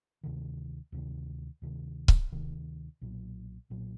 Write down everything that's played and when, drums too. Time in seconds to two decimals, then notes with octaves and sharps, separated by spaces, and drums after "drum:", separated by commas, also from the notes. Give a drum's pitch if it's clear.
0.23 D2 C3 D#3
0.92 D2 C3 D#3
1.62 D2 C3 D#3
2.08 drum: kick C#1
2.31 D2 C3 D#3
3.01 B1 A#2 F#3
3.70 B1 A#2 F#3